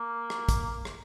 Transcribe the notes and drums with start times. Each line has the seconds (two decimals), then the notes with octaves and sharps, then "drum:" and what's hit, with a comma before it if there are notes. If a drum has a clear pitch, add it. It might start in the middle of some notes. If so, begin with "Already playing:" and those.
Already playing: A#3
0.30 drum: rim click
0.49 drum: kick, hi-hat
0.85 drum: rim click